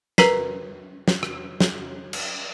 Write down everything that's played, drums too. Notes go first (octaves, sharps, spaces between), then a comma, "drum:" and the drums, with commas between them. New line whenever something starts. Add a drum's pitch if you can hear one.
A#4 B4 A#5 B6 C7, drum: snare
drum: snare
drum: rim click
drum: snare
drum: cymbal